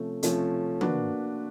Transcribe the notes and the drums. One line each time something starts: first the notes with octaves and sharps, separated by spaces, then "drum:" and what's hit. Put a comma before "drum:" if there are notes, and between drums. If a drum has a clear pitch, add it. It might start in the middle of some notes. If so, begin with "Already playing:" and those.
Already playing: C3 F3 A3 C#4
C3 F3 A3 C#4, drum: hi-hat
A#3 D4 F#4 B4, drum: tom E3